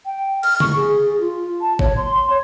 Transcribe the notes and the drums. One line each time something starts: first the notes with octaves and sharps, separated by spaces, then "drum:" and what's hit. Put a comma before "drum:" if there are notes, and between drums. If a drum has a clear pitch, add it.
G5
F6, drum: cymbal
C#6, drum: tom
G#4
G#4
F4
A5
C#5, drum: kick
C6
C#5